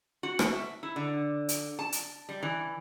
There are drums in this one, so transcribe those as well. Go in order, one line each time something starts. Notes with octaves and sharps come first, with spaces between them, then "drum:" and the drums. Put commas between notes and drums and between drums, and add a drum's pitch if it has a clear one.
F#4
drum: rim click
E5
E4
D3
drum: hi-hat
A5
drum: hi-hat
G3
E3